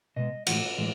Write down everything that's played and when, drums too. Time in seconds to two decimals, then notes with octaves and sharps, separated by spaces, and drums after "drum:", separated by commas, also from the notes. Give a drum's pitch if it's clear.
0.16 B2 G#3 D#5
0.47 A2 E3 G#3 F#5, drum: cymbal
0.78 A2 E3 G#3